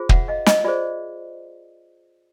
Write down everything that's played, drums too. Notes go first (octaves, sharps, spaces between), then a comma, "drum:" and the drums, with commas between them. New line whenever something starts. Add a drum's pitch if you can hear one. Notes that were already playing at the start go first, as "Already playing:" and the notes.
Already playing: F4 G#4 C5
E5 F#5, drum: kick
D#5 F5
D#5 F5, drum: snare
F4 G#4 C5 D5 E5